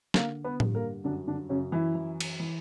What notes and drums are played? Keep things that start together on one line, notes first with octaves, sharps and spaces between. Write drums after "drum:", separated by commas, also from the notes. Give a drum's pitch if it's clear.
D3 A#3 A#4, drum: snare
B3 B4
G2, drum: tom A2
A#3 A#4
F#2 D3 D4
D3 D4
F#2 C#3 C#4
E3 E4
E3
drum: cymbal
E3